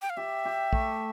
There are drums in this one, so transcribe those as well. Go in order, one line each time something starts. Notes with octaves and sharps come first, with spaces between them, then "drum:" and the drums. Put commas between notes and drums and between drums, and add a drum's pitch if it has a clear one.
G5
F5
G4 E5
G4
A3, drum: kick